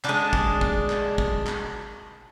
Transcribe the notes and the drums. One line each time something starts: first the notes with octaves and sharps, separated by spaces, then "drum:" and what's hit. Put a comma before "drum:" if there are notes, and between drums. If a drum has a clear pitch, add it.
G#3 D4, drum: clap
drum: kick
drum: kick
drum: clap
drum: kick
drum: clap